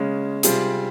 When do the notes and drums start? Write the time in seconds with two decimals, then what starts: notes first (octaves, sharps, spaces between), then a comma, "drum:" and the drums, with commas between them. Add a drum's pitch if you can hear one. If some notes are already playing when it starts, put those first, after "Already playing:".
Already playing: C#3 G#3 C#4
0.43 C3 G3 C4 F4 G#4, drum: hi-hat